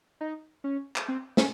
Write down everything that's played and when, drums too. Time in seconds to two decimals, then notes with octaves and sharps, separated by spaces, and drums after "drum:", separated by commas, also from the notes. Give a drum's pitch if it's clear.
0.21 D#4
0.64 C#4
0.96 drum: clap
1.08 C4
1.37 C#4, drum: snare